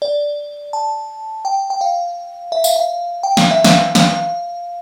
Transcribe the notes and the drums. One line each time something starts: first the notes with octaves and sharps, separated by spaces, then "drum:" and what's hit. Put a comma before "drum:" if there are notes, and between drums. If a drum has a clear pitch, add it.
D5
A5
G5
G5
F5
E5
F5, drum: tambourine
F5
G5
F5, drum: snare
E5
F5, drum: snare
F5, drum: snare